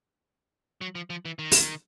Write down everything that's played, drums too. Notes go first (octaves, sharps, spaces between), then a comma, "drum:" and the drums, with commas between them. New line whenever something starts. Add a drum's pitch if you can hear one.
F#3
F3
F3
E3
D#3
drum: open hi-hat